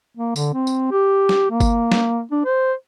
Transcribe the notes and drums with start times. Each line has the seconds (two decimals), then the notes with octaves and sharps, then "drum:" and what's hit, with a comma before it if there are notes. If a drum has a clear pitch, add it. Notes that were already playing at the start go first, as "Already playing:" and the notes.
0.17 A#3
0.36 D3, drum: tambourine
0.54 C4
0.67 drum: tambourine
0.92 G4
1.29 drum: snare
1.50 A#3
1.60 drum: kick, tambourine
1.92 drum: snare
2.31 D4
2.45 C5